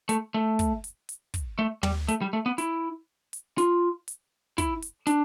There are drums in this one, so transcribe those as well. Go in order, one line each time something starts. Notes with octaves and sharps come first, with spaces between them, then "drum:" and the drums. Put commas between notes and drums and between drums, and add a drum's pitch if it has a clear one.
A3, drum: hi-hat
A3
drum: kick, hi-hat
drum: hi-hat
drum: hi-hat
drum: kick, hi-hat
A3
G3, drum: tom
A3, drum: hi-hat
G3
A3
B3
E4, drum: hi-hat
drum: hi-hat
F4, drum: hi-hat
drum: hi-hat
E4, drum: kick, hi-hat
drum: hi-hat
D4, drum: hi-hat